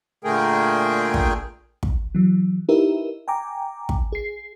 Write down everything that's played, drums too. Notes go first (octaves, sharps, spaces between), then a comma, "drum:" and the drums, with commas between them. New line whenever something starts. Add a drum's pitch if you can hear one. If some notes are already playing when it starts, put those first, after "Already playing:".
A#2 D3 A3 G#4 A#4 G5
drum: kick
drum: kick
E3 F#3
D#4 E4 G4 A#4 B4 E5
G5 G#5 A#5 D6
drum: kick
G#4 C7